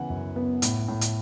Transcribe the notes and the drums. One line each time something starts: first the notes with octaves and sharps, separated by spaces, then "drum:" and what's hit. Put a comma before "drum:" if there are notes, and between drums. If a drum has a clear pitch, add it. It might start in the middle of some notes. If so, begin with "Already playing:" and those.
Already playing: C#3 E3 B3 F#5 G#5
F#2
B3
A2, drum: hi-hat
A2
drum: hi-hat